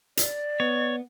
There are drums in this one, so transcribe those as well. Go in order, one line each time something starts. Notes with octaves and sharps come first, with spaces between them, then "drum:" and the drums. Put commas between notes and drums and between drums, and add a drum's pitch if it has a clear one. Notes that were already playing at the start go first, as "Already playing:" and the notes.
D5, drum: hi-hat
B3 C#5